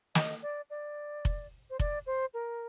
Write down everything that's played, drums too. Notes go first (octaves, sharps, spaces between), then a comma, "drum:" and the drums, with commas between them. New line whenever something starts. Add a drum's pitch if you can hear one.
D#5, drum: snare
D5
D5
drum: kick F1
C5
D5, drum: kick F1
C5
A#4